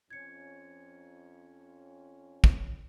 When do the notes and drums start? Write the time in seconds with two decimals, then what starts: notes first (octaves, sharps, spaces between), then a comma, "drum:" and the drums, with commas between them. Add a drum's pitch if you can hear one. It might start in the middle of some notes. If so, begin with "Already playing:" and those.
0.10 F2 C#4 G#6 C#7
2.44 drum: kick